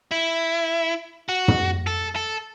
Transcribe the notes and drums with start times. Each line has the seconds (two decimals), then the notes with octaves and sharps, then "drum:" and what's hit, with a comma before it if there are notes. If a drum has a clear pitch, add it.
0.11 E4
1.29 F#4
1.48 drum: tom
1.87 A4
2.16 A4